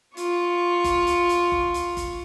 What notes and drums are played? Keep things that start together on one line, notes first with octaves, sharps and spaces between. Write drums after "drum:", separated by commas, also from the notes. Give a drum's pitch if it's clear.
F4 C#6, drum: hi-hat
drum: kick F#1, hi-hat
drum: hi-hat
drum: hi-hat
drum: kick F#1
drum: hi-hat
drum: kick F#1, hi-hat